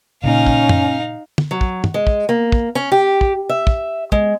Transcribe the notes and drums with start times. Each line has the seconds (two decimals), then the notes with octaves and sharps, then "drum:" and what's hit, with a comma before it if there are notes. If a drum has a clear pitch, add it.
0.24 A#2 C#3 C#4 D#4 F5
0.47 drum: kick
0.69 drum: tom
1.38 drum: tom
1.51 F#3
1.61 drum: kick
1.84 drum: tom
1.94 G#3
2.07 drum: kick
2.29 A#3
2.52 drum: kick
2.75 C#4
2.92 G4
3.21 drum: kick
3.49 E5
3.67 drum: kick
4.12 G#3, drum: kick